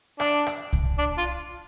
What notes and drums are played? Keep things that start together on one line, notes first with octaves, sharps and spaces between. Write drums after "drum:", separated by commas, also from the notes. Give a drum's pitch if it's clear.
D4, drum: rim click
drum: rim click
drum: kick C2
D4
F4